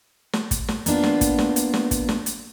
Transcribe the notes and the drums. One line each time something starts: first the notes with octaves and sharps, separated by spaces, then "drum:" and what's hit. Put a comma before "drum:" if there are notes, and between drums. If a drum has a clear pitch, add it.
drum: snare
drum: kick, hi-hat
drum: snare
A#3 B3 D4 F4, drum: hi-hat
drum: snare
drum: kick, hi-hat
drum: snare
drum: hi-hat
drum: snare
drum: kick, hi-hat
drum: snare
drum: hi-hat